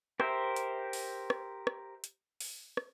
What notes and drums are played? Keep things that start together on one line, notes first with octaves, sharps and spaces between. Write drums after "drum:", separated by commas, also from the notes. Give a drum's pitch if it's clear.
G4 A#4 C5 E5, drum: rim click
drum: hi-hat
drum: open hi-hat
drum: rim click
drum: rim click
drum: hi-hat
drum: open hi-hat
drum: rim click